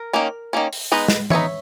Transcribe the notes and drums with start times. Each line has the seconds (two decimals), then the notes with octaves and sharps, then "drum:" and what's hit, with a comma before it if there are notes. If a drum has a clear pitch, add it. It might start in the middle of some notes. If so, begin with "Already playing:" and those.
Already playing: A#4
0.13 D#3 A#3 C#4
0.53 D#3 A#3 C#4
0.73 drum: open hi-hat
0.92 G#3 B3 D#4 B4 D#5
1.08 drum: snare
1.30 G#3 B3 D#4 C#5 E5, drum: tom E3